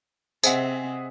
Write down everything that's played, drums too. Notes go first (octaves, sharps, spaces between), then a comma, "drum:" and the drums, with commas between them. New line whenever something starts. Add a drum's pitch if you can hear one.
C3 C4 G#4 C5 D#5 E5 F#5, drum: tambourine